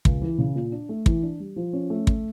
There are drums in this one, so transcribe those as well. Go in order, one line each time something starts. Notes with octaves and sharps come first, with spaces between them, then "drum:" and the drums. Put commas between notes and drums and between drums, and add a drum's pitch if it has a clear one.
C#2, drum: kick
E3
C#3
A#2
D4
A3
E3, drum: kick
D4
G3
F3
C#4
A3
drum: kick